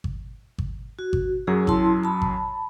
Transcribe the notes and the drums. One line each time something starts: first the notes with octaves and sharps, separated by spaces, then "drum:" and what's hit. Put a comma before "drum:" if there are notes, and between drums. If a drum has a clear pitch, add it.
drum: kick G#1
drum: kick G#1
F#4
drum: kick G#1
F#2 F#3 G#4
E4 A5 C6, drum: kick G#1
A5 B5
drum: kick G#1